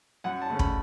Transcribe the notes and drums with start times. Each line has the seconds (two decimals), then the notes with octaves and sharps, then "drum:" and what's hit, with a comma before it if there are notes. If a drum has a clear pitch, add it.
0.24 F#2 F#5
0.42 A5
0.50 C#3 A3 C#4
0.59 B5, drum: kick